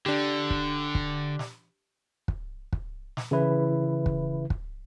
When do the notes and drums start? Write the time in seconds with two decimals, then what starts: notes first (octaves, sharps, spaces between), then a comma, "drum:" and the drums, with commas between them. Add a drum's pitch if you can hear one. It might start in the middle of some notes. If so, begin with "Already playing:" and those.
0.06 D3 D4 G4
0.50 drum: kick
0.95 drum: kick
1.39 drum: snare
2.28 drum: kick
2.73 drum: kick
3.17 drum: snare
3.31 C#3 E3 E4 B4
4.06 drum: kick
4.50 drum: kick